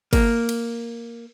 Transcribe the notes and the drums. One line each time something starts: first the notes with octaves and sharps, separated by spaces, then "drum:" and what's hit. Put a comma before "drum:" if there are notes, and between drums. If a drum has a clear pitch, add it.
A#3, drum: kick, cymbal
drum: cymbal